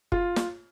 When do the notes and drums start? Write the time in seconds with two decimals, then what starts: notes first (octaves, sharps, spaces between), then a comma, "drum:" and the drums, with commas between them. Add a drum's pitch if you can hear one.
0.12 F4, drum: kick
0.36 drum: snare